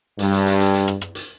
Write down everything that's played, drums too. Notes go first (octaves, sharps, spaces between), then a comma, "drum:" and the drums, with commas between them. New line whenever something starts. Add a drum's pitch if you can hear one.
G2, drum: hi-hat
drum: hi-hat
drum: hi-hat
drum: hi-hat
drum: hi-hat
drum: rim click
drum: rim click
drum: hi-hat